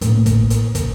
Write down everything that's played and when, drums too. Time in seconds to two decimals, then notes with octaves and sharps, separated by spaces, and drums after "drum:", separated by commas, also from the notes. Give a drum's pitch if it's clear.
0.01 A2 A#3, drum: hi-hat
0.26 drum: kick, hi-hat
0.50 drum: hi-hat
0.75 drum: kick, hi-hat